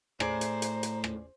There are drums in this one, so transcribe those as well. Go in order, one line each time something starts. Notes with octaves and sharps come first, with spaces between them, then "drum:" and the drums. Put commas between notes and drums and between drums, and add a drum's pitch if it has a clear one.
A2 G#4 C5 D5 A#5, drum: rim click
drum: hi-hat
drum: hi-hat
drum: hi-hat
drum: rim click